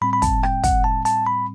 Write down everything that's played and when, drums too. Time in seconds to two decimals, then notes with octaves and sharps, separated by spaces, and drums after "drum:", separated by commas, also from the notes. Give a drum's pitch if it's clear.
0.01 A2 G3 C4 B5
0.13 B5
0.22 A5, drum: kick, hi-hat
0.43 G5, drum: rim click
0.64 F#5, drum: kick, hi-hat
0.84 A5
1.05 A5, drum: hi-hat
1.26 B5